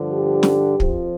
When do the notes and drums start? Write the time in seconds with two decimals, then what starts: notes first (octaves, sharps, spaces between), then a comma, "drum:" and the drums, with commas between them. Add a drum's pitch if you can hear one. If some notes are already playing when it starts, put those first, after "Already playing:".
Already playing: G2 D3 F3
0.12 G4
0.43 drum: snare
0.80 F2 F3, drum: kick